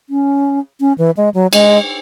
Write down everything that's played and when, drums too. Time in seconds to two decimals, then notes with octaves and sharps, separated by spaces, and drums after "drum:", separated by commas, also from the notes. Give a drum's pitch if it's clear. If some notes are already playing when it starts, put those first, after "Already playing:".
0.10 C#4
0.80 C#4
0.98 E3
1.17 G#3
1.34 F#3
1.53 G#3, drum: cymbal